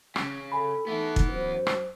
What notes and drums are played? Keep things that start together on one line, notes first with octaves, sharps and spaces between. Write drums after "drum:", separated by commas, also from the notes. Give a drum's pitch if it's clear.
C#3 C#4, drum: rim click
A4 G#5 B5
E3 A3 B3 D#4
drum: kick
F#2 C5
drum: rim click